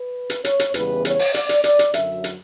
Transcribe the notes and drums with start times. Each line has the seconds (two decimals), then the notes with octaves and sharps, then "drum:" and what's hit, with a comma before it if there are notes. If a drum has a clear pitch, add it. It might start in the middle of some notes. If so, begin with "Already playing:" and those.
Already playing: B4
0.30 drum: hi-hat
0.44 C#5, drum: hi-hat
0.60 drum: hi-hat
0.74 E2 C#3 E3 G3 B3 B4, drum: hi-hat
1.05 C#5, drum: hi-hat
1.19 drum: open hi-hat
1.34 D5, drum: hi-hat
1.49 drum: hi-hat
1.64 D5, drum: hi-hat
1.79 drum: hi-hat
1.94 F#2 D3 F#3 E5, drum: hi-hat
2.24 drum: hi-hat